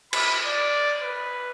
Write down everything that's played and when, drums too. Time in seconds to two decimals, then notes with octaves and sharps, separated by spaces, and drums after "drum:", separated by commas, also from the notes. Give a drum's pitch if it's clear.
0.13 B5, drum: cymbal
0.46 D5
1.02 B4